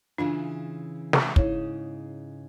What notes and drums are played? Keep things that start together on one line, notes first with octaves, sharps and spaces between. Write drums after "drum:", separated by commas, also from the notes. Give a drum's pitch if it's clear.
C#3 E3 D4 F4
drum: snare
G#2 C#3 D#4 E4 C#5, drum: kick